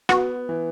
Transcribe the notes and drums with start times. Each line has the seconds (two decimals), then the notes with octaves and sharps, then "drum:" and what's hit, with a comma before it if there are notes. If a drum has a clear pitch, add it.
0.09 B3 F#4, drum: rim click
0.49 E3